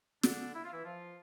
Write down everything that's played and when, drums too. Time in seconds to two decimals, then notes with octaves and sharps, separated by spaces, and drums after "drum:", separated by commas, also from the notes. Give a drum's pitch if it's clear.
0.23 D3 D4, drum: snare
0.54 E4
0.64 F4
0.73 E3 E4
0.85 F3 F4